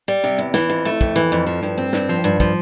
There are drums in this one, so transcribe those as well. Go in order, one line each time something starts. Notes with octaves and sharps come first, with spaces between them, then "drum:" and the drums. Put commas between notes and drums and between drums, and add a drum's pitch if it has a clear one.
G3
C3
E2
E3, drum: snare
F2
A3
F2, drum: kick
E3
F2
F3
G2
C4
G2, drum: snare
F3
G2
F3, drum: kick